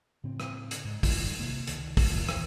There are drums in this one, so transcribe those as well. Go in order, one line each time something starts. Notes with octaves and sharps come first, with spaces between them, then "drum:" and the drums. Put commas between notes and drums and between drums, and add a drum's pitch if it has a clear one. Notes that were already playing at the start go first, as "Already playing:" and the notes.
A2 C#3 C4
drum: rim click
drum: hi-hat
G#2
E2 G#2 D#3 G3, drum: kick, open hi-hat
C3 A#3
C#2 D#3, drum: hi-hat
drum: kick, open hi-hat
E2 A#2 E3
drum: rim click